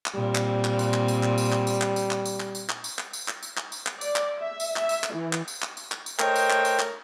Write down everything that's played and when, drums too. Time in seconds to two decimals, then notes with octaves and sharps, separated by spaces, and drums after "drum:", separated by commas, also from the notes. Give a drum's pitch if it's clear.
0.06 drum: clap
0.15 A#2 G3 C4
0.35 drum: clap
0.64 drum: clap
0.79 drum: tambourine
0.94 drum: clap
1.08 drum: tambourine
1.23 drum: clap
1.38 drum: tambourine
1.52 drum: clap
1.67 drum: tambourine
1.82 drum: clap
1.96 drum: tambourine
2.11 drum: clap
2.25 drum: tambourine
2.40 drum: clap
2.55 drum: tambourine
2.69 drum: clap
2.84 drum: tambourine
2.99 drum: clap
3.13 drum: tambourine
3.28 drum: clap
3.43 drum: tambourine
3.57 drum: clap
3.72 drum: tambourine
3.87 drum: clap
4.01 D5, drum: tambourine
4.16 drum: clap
4.38 E5
4.60 drum: tambourine
4.76 E5, drum: clap
4.89 drum: tambourine
5.04 drum: clap
5.13 E3
5.33 drum: clap
5.48 drum: tambourine
5.62 drum: clap
5.77 drum: tambourine
5.92 drum: clap
6.06 drum: tambourine
6.19 A3 A#4 C5 C#5 D#5 G5, drum: clap
6.35 drum: tambourine
6.50 drum: clap
6.65 drum: tambourine
6.79 drum: clap